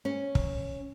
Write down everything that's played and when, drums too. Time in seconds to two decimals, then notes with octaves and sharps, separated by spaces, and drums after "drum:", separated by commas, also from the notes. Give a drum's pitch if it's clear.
0.05 C#4
0.35 drum: kick